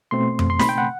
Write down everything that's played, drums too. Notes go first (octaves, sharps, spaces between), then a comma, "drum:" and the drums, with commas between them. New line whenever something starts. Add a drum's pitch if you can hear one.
B2 A3 C4 C6
drum: tom F2
C6
B5, drum: snare
G5
F#5